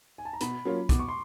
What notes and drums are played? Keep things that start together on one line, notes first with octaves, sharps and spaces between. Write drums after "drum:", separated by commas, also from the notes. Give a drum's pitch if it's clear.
G#5
A5
A#5
B2 B5, drum: hi-hat
F#3 A#3 C#4 F4
B2 D6, drum: kick, hi-hat
C#6
C6